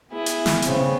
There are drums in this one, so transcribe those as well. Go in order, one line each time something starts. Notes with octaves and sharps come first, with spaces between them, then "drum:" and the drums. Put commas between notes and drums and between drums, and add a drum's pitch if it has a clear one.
B3 E4 G#4
drum: hi-hat
drum: snare
C#3 B3 C4, drum: hi-hat